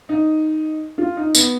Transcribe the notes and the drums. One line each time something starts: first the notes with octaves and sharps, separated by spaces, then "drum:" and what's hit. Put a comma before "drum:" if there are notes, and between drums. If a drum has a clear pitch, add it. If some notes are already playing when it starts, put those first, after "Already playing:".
D#4
F4
D#4
B3, drum: tambourine